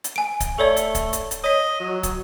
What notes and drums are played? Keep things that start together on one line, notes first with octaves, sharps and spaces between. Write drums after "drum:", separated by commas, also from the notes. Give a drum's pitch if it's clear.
drum: hi-hat
G#5 D7
drum: kick, hi-hat
A3 A4 C#5 D5
drum: hi-hat
drum: kick, hi-hat
drum: hi-hat
drum: hi-hat
C#5 D#5 B6
F#3
drum: kick, hi-hat